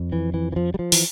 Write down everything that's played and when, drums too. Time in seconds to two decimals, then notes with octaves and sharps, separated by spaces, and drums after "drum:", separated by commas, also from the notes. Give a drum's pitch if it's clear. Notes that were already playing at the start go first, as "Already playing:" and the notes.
Already playing: F2
0.12 E3
0.34 E3
0.52 E3
0.56 F3
0.74 G3
0.79 F3
0.92 E3, drum: open hi-hat